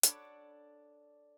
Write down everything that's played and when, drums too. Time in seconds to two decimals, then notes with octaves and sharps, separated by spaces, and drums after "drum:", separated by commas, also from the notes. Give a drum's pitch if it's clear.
0.03 D4 A4 C#5 D5 F#5 B5, drum: hi-hat